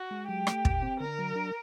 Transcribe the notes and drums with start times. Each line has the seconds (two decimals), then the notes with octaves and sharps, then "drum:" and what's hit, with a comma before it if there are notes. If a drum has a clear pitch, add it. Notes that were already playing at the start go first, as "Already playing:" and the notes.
Already playing: F#4
0.11 G#3
0.28 F#3 G4
0.47 A3, drum: rim click
0.65 A#2, drum: kick
0.82 C4
1.00 D3 A#4
1.19 F#3
1.35 D4